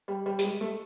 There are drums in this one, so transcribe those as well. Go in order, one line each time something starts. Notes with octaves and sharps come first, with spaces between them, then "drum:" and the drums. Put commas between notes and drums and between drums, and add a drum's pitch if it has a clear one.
G3
G3
G3, drum: hi-hat
G#3
A3